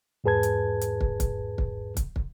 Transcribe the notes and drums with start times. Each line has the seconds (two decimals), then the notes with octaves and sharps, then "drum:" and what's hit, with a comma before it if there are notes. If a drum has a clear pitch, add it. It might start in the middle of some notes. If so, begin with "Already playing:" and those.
0.24 E2 G#2 G#4 B4 A5 G#6
0.43 drum: hi-hat
0.81 drum: hi-hat
1.01 drum: kick
1.20 drum: kick, hi-hat
1.58 drum: kick
1.97 drum: kick, hi-hat
2.16 drum: kick